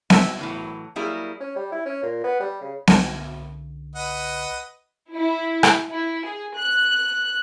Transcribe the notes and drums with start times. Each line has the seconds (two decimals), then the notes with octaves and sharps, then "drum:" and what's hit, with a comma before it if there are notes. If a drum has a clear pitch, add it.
0.10 E5, drum: snare B3
0.39 A2 E3 F#3
0.96 F#3 G3 A#3 E4 G#4
1.40 C#4
1.56 G3
1.72 E4
1.85 C#4
2.03 A#2
2.24 B3
2.40 G3
2.61 C#3
2.87 C2 D3, drum: snare B3
3.95 B4 D#5 F#5
5.14 E4
5.63 drum: rim click
5.90 E4
6.25 G#4
6.57 F#6